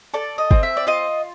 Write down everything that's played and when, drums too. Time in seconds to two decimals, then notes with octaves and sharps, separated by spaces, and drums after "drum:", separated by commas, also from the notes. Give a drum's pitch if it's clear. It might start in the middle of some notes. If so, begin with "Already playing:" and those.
0.14 A4 D5
0.38 D#5
0.51 C4, drum: kick G1
0.63 E5
0.77 D5
0.87 F4 D#5